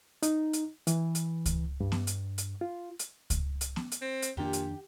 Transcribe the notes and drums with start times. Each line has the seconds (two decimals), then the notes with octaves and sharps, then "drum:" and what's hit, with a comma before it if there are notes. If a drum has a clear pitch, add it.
0.23 D#4, drum: hi-hat
0.53 drum: hi-hat
0.87 E3, drum: hi-hat
1.15 drum: hi-hat
1.46 drum: kick C#2, hi-hat
1.80 G2
1.92 drum: snare
2.07 drum: hi-hat
2.38 drum: hi-hat
2.61 F4
2.99 drum: hi-hat
3.30 drum: kick C#2, hi-hat
3.61 drum: hi-hat
3.76 drum: snare
3.92 drum: hi-hat
4.01 C4
4.22 drum: hi-hat
4.37 F2 A#2 D#3 D4 G4
4.53 drum: hi-hat